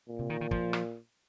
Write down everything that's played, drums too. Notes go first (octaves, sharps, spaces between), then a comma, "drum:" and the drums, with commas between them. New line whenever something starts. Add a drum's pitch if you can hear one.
A#2
C3
D#3
D#3
F3, drum: kick
drum: rim click